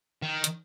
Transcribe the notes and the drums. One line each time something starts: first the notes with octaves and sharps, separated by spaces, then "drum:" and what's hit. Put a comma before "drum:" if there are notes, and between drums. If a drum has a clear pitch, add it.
D#3
drum: hi-hat